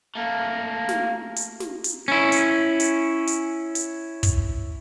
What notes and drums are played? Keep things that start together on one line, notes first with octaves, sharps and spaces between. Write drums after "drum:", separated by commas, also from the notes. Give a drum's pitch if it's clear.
A3 A#3
drum: snare
drum: hi-hat
drum: snare
drum: hi-hat
C#4 E4
drum: hi-hat
drum: hi-hat
drum: hi-hat
drum: hi-hat
drum: kick, hi-hat